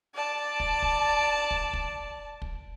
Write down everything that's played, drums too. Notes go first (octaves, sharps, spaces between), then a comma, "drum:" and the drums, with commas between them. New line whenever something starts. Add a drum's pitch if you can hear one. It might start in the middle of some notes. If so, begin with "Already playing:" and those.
D5 A5
drum: kick
drum: kick
drum: kick
drum: kick
drum: kick